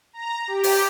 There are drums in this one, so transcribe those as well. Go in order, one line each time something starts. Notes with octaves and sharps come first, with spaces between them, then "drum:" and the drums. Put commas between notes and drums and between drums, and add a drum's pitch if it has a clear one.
A#5
G4
drum: open hi-hat